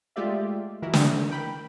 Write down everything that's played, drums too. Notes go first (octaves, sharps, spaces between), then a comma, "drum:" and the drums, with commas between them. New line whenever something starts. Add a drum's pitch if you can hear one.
G#3 A3 F4 G4 D5 E5
D#3 E3 E4 F#4 A#4
drum: snare
A#4 G5 B5